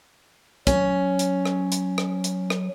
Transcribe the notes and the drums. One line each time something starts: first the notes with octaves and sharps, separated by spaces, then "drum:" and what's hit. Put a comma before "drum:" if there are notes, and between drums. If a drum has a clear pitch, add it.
F#3 C#4, drum: kick, hi-hat
drum: hi-hat
drum: rim click
drum: hi-hat
drum: rim click
drum: hi-hat
drum: rim click